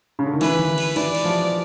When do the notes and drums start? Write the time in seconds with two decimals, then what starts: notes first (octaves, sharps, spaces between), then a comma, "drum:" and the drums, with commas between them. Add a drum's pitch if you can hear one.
0.19 C#3
0.26 D3
0.34 D#3
0.41 E3 B4, drum: cymbal
0.59 drum: tom D3
0.78 drum: cymbal
0.96 E3 D5, drum: cymbal
1.15 drum: cymbal
1.24 F3